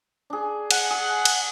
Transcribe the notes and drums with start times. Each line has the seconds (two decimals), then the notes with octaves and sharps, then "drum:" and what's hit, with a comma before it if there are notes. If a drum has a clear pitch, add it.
0.30 D4 G#4
0.71 F#5 G#5, drum: cymbal
0.90 G#4
1.25 drum: cymbal